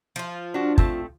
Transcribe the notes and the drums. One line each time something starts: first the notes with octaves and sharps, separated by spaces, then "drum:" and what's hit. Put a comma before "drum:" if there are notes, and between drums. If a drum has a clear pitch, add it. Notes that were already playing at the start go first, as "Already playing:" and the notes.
F3 F4
D4 F#4
A3 C4 A5, drum: kick